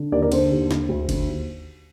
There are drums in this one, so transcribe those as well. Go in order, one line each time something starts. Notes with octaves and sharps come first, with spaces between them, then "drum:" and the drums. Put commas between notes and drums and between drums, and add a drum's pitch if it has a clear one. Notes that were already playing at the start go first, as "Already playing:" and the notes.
Already playing: D3
D#2 A#4 D5
A#4 D5
D3 C5, drum: cymbal
D#2
D3, drum: snare
D2
D3, drum: kick F#1, cymbal
D#2